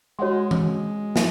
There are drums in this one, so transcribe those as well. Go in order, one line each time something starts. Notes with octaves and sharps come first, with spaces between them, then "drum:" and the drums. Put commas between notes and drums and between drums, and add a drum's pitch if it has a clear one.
G#3 F#4 C#5 F#5 C6
drum: tom E3
F3 G#5, drum: snare